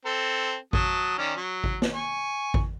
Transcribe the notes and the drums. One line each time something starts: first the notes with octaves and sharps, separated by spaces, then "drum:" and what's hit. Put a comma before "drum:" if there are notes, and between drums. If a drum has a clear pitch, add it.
C4 A4
F#3 A5 D#6, drum: kick G#1
D#3 C#4 D5
F#3
drum: kick G#1
drum: snare
G#5 C#6
drum: kick G#1